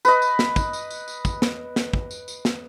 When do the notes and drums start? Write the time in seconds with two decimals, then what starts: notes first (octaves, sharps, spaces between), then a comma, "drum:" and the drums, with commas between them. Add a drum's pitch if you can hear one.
0.05 B4 D#5, drum: tambourine
0.22 drum: tambourine
0.39 drum: snare
0.56 drum: kick, tambourine
0.73 drum: tambourine
0.90 drum: tambourine
1.08 drum: tambourine
1.25 drum: kick, tambourine
1.42 drum: snare
1.76 drum: snare
1.93 drum: kick
2.11 drum: tambourine
2.28 drum: tambourine
2.45 drum: snare